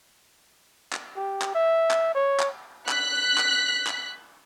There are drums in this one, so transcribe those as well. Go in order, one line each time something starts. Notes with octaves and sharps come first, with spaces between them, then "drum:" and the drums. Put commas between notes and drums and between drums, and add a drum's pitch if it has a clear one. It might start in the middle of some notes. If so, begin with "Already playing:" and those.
drum: clap
G4
drum: clap
E5
drum: clap
C#5
drum: clap
F#6 B6, drum: clap
drum: clap
drum: clap